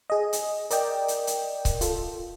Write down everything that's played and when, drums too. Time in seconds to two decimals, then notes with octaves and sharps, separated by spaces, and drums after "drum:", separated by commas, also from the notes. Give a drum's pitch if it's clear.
0.10 G#4 D#5
0.33 drum: hi-hat
0.70 A#4 D5 D#5 G5, drum: hi-hat
1.08 drum: hi-hat
1.27 drum: hi-hat
1.65 drum: kick C#1, hi-hat
1.81 F4 A4, drum: hi-hat